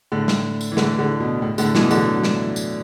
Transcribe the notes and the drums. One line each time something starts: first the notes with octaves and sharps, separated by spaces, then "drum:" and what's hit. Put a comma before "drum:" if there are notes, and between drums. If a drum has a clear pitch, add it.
A2 D3
drum: snare
drum: tambourine
E3
A2 D3, drum: snare
A2 D3
B2
A2
A2 D3, drum: tambourine
B2 E3, drum: snare
D3 F#3, drum: tambourine
drum: snare
drum: tambourine